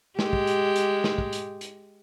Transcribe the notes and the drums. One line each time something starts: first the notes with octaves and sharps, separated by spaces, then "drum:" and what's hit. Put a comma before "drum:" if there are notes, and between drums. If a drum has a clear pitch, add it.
G#3 G4, drum: snare
drum: kick
drum: hi-hat
drum: hi-hat
drum: snare
drum: kick
drum: hi-hat
drum: hi-hat